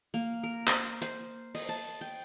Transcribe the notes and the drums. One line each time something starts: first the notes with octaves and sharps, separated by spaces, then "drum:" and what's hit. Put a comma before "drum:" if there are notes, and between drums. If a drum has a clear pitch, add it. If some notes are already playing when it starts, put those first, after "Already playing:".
A#3
A#4
C5, drum: clap
C5, drum: hi-hat
D#5, drum: open hi-hat
A5
G5